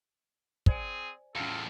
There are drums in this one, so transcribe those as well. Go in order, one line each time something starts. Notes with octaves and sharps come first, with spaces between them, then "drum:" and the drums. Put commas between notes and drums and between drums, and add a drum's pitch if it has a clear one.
C4 G#4 C5 D5 G#5, drum: kick
E2 A2 C#4 F4 A4 F5